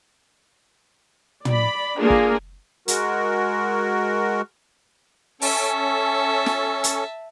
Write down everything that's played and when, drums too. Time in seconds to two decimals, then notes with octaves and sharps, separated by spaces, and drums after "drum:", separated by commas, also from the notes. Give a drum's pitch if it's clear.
1.45 D5 B5, drum: tom
2.00 A#3 D4 F4 G#4 A#4
2.10 drum: kick
2.88 G#3 F#4 A#4, drum: hi-hat
5.42 C#4 A4 E5 A5, drum: open hi-hat
6.46 drum: snare
6.84 drum: hi-hat